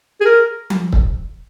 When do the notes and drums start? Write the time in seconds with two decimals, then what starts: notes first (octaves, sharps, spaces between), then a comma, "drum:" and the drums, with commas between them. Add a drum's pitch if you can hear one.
0.20 G#4
0.25 A#4
0.70 drum: tom F3
0.93 drum: kick